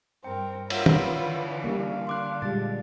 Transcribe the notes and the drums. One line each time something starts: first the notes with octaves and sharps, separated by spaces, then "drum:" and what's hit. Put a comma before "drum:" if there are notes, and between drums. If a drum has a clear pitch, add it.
G2 C4 A#4 G5
F4 A#4 B4 C#5 E5 F#5, drum: cymbal
drum: tom
D3 E3
G3 A#3 F5
D3 C6 D6 F#6
A#2 G3 G#3 A6